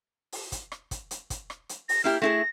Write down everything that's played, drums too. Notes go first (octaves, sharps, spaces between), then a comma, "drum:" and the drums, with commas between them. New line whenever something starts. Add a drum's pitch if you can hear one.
drum: open hi-hat
drum: kick, hi-hat
drum: rim click
drum: kick, hi-hat
drum: hi-hat
drum: kick, hi-hat
drum: rim click
drum: hi-hat
A#6, drum: open hi-hat
A#3 E4 G4 F6
A3 E4 G#4 A#6